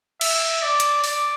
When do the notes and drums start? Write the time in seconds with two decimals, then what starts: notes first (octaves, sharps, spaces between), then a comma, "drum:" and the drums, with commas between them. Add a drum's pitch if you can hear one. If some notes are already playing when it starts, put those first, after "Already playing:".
0.21 E5, drum: cymbal
0.62 D5
0.80 drum: hi-hat
1.04 D5, drum: open hi-hat